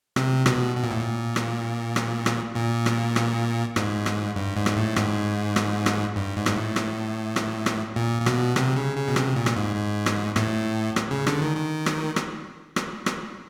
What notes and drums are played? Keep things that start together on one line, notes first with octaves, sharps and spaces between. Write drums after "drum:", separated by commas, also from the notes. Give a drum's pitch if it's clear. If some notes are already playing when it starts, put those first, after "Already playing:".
C3, drum: rim click
B2, drum: rim click
B2
A#2
A2
A#2
drum: rim click
drum: rim click
drum: rim click
A#2
drum: rim click
drum: rim click
G#2, drum: rim click
drum: rim click
G2
G#2
drum: rim click
A2
G#2, drum: rim click
drum: rim click
drum: rim click
G2
G#2
drum: rim click
A2
drum: rim click
drum: rim click
drum: rim click
A#2
A#2
B2, drum: rim click
C3, drum: rim click
C#3
C#3
B2
C3, drum: rim click
A#2
drum: rim click
G#2
G#2
drum: rim click
A2, drum: rim click
drum: rim click
C#3
D3, drum: rim click
D#3
D#3
drum: rim click
drum: rim click
drum: rim click
drum: rim click